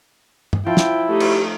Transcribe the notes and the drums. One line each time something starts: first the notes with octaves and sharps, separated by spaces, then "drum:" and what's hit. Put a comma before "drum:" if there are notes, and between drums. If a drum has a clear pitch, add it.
drum: tom
F3 E4 G5
drum: snare
A3 D#4 G4
drum: cymbal